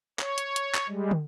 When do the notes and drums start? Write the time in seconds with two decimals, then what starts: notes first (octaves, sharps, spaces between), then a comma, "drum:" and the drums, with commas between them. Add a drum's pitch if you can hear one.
0.19 C#5, drum: clap
0.38 drum: hi-hat
0.56 drum: hi-hat
0.74 drum: clap
0.88 G3 G#3
1.11 drum: tom